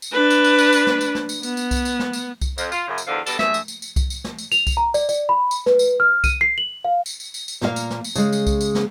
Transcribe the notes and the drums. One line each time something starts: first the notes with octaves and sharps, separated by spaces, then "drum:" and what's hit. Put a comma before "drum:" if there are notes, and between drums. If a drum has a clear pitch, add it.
drum: tambourine
D4 B4
drum: tambourine
drum: tambourine
drum: tambourine
drum: tambourine
drum: snare
drum: tambourine
drum: snare
drum: tambourine
B3, drum: tambourine
drum: tambourine
drum: kick C2, tambourine
drum: tambourine
drum: snare
drum: tambourine
drum: kick C2, tambourine
F2, drum: tambourine
F4, drum: tambourine
F#2 C#3
drum: tambourine
E2 D3 F3 F5
B2 D3 G3 B3 A4, drum: tambourine
G2 G#4 E5, drum: snare
drum: tambourine
drum: tambourine
drum: tambourine
drum: kick C2, tambourine
drum: tambourine
drum: snare
drum: tambourine
F7, drum: tambourine
drum: kick C2, tambourine
A#5
D5, drum: tambourine
D5, drum: tambourine
B5
drum: tambourine
B4, drum: snare
drum: tambourine
F6
D#7, drum: kick C2, tambourine
C7
F#7
F5
drum: tambourine
drum: tambourine
drum: tambourine
drum: tambourine
A#2 A#3 A#4 C5 F5, drum: snare
drum: tambourine
drum: snare
drum: tambourine
C#3 G#3, drum: tambourine
drum: tambourine
drum: kick C2, tambourine
drum: tambourine
drum: snare